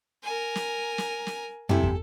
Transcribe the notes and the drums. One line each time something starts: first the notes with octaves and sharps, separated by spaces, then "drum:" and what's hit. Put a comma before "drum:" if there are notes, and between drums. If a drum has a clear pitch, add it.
A#4 G#5
drum: snare
drum: snare
drum: snare
G2 C3 E4 G4 A4 G#5, drum: tom
drum: kick